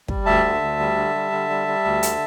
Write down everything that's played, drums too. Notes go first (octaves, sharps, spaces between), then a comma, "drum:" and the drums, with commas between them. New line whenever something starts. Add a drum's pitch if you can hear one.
G3, drum: kick
D2 E5 A5
D3
D2
G3
D3
G3
D3
G3
G3
D2
D3, drum: hi-hat